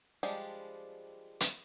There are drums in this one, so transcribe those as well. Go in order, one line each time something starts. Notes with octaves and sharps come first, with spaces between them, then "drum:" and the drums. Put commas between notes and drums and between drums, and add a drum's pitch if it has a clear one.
F3 G3 G#3 D4 G4
drum: hi-hat